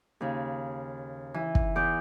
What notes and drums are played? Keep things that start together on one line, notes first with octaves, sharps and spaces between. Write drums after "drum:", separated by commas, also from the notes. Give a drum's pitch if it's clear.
D#2 C#3
E3
drum: kick
E2 D6 G6